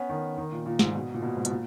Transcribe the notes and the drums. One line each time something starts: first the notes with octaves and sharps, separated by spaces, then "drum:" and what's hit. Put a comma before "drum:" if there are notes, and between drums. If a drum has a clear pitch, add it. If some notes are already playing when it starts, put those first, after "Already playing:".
Already playing: B3 C#4
D#3
D#3
A#2
A#2
G#2, drum: snare
A#2
B2
A#2
B2
G#2
B2, drum: hi-hat
A#2